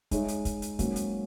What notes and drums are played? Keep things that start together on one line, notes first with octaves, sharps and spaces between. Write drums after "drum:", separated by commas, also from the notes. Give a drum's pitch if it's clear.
G#3 D#4 G#4 C#5 E5, drum: kick, hi-hat
drum: hi-hat
drum: kick, hi-hat
drum: hi-hat
G#2 F#3 A#3 C#4, drum: kick, hi-hat
drum: hi-hat